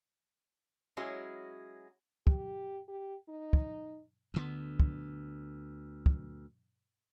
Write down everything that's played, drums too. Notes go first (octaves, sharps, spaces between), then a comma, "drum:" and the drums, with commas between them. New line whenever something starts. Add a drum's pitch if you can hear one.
F#3 G#3 C#4 E4 F#4 G#4
G4, drum: kick
G4
D#4
drum: kick
D2 D3 B3
drum: kick
drum: kick